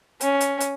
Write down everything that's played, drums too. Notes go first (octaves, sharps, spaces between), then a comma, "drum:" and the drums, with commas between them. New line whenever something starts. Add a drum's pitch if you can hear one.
C#4, drum: hi-hat
drum: hi-hat
drum: hi-hat